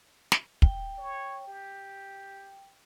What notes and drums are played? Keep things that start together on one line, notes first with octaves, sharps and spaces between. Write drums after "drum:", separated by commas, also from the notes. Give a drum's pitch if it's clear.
drum: snare
G5, drum: kick
C#5
G4